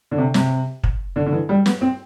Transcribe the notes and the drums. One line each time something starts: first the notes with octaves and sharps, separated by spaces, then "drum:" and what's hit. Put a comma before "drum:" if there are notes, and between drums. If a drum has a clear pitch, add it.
D3
C3
C3, drum: snare
drum: kick
D3
D3
E3
G3
B3, drum: snare
C4